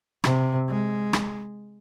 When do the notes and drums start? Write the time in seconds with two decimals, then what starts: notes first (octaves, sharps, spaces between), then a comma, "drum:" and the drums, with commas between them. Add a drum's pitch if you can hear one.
0.24 C3, drum: rim click
0.68 G#3
1.13 drum: rim click